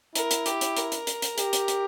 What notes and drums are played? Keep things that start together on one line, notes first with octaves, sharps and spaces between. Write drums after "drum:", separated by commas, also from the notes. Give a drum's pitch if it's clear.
E4 A#4, drum: hi-hat
drum: hi-hat
G4, drum: hi-hat
drum: hi-hat
A#4, drum: hi-hat
drum: hi-hat
drum: hi-hat
drum: hi-hat
G4, drum: hi-hat
drum: hi-hat
drum: hi-hat